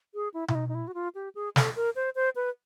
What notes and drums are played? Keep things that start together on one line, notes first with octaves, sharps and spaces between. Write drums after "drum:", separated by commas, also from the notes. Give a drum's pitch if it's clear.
G#4
E4
E4, drum: tom B2
D#4
D#4
E4
F#4
F4
G4
G#4
A4, drum: snare
A#4
C5
C5
B4